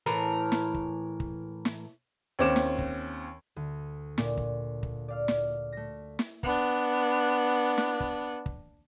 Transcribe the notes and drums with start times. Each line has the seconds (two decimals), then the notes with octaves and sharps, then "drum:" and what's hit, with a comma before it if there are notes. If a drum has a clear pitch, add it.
0.06 A2 E3 A#4
0.52 drum: snare
0.74 drum: kick
1.20 drum: kick
1.65 drum: snare
2.39 D#2 C4 C#4 D6 E7
2.56 drum: snare
2.79 drum: kick
3.56 D2
4.18 A#2 D4, drum: snare
4.37 drum: kick
4.83 drum: kick
5.08 D5 F5 F6
5.28 drum: snare
5.72 A3 A#6
6.19 drum: snare
6.43 B3 D4, drum: kick
7.78 drum: snare
8.00 drum: kick
8.46 drum: kick